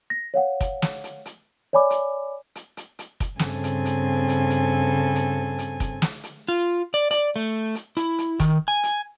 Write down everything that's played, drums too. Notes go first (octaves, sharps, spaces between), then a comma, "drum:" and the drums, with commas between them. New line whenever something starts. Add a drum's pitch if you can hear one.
A#6
C#5 F5 F#5
drum: kick, hi-hat
drum: snare
drum: hi-hat
drum: hi-hat
C#5 D5 G#5 B5 D6
drum: hi-hat
drum: hi-hat
drum: hi-hat
drum: hi-hat
drum: kick, hi-hat
G2 C#3 C4 A4 G#5, drum: snare
drum: hi-hat
drum: hi-hat
drum: hi-hat
drum: hi-hat
drum: hi-hat
drum: hi-hat
drum: kick, hi-hat
drum: snare
drum: hi-hat
F4
D5
D5, drum: hi-hat
A3
drum: hi-hat
E4, drum: hi-hat
drum: hi-hat
D#3, drum: kick, hi-hat
G#5
drum: hi-hat